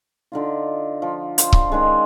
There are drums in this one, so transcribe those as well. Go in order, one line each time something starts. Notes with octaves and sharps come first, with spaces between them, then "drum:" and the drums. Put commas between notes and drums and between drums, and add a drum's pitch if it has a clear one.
D3 D#4 F4
F3
F4 C5 F5, drum: hi-hat
drum: kick C#1
D#3 G#3 C#4